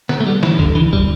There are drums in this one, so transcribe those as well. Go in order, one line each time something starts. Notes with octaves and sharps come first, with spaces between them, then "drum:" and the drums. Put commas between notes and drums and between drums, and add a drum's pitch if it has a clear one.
B3, drum: snare
A3
G3
E3, drum: snare
D3, drum: kick
E3
G3, drum: kick